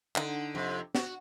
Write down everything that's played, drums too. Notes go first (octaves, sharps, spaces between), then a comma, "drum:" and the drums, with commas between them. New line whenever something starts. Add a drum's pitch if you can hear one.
D3 D#4, drum: clap
F2 C3
F#4, drum: snare